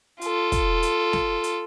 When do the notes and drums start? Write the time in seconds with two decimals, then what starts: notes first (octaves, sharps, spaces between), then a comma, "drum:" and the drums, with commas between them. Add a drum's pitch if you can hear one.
0.21 F4 A4, drum: hi-hat
0.52 drum: kick, hi-hat
0.82 drum: hi-hat
1.13 drum: snare
1.44 drum: hi-hat